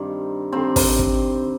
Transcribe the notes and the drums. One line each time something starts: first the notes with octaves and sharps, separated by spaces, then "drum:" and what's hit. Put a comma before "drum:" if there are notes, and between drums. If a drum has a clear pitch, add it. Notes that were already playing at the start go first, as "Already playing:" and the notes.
Already playing: G2 D#3 C4
G2 D#3 C4
drum: kick, open hi-hat
drum: kick